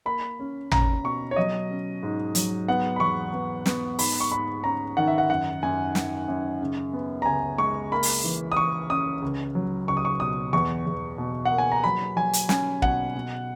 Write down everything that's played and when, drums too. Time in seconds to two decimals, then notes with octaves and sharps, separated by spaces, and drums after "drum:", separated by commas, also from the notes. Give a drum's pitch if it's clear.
0.06 A#3 B5
0.39 C#4
0.71 C#4 A#5, drum: tom
1.04 B2 C#6
1.31 C#5
1.36 F#3 D#5
1.70 C#4
2.03 G#2
2.35 F#3, drum: hi-hat
2.68 B3 F#5
2.96 B5
3.00 E2 C#6
3.33 B3
3.66 B3, drum: snare
3.99 G#2 B5, drum: open hi-hat
4.20 C#6
4.31 G#2 B5
4.64 C#4 A#5
4.97 D#3 F#5
5.08 E5
5.18 F#5
5.30 F#2 F#5
5.63 F#2 G#5
5.95 F#2, drum: snare
6.28 F#2
6.61 C#3
6.93 B3
7.22 A#5
7.26 C#2 G#5
7.58 G#3 C#6
7.92 A#3 B5
8.03 drum: open hi-hat
8.24 E3
8.52 D#6
8.57 E3 C#6
8.90 C#4 D#6
9.22 C#2
9.55 F#3
9.88 C#2 C#6
9.97 D#6
10.05 C#6
10.20 B2 D#6
10.53 E2 C#6
10.86 E2
11.18 B2
11.45 F#5
11.51 A#3
11.58 G#5
11.72 A#5
11.84 F#3 B5
12.16 F#3 G#5
12.33 drum: hi-hat
12.49 C#4 G#5, drum: snare
12.82 B2 F#5, drum: kick
13.15 B2